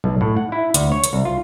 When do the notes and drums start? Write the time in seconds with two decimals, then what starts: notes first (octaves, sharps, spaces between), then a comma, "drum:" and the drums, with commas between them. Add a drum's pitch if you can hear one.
0.04 B1
0.21 A2
0.37 F#5
0.52 E4
0.74 D2, drum: hi-hat
0.92 C#5
1.04 drum: hi-hat
1.13 C2
1.25 F4